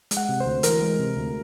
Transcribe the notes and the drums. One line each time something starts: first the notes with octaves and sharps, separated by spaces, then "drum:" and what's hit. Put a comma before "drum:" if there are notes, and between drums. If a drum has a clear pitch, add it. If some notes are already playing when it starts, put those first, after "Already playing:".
G#3, drum: hi-hat
F#5
C3
C5
D2
E3 A#4, drum: hi-hat
G#3
C3
D2